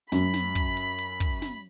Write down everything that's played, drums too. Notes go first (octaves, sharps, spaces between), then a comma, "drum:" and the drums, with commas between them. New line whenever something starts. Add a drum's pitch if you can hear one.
F#2 B5, drum: snare
drum: snare
drum: kick, hi-hat
drum: hi-hat
drum: hi-hat
drum: kick, hi-hat
drum: snare